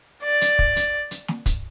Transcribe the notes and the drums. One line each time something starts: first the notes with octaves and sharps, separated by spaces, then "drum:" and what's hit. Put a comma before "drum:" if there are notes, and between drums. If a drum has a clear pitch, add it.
D5
drum: hi-hat
drum: kick
drum: hi-hat
drum: hi-hat
drum: snare
drum: kick, hi-hat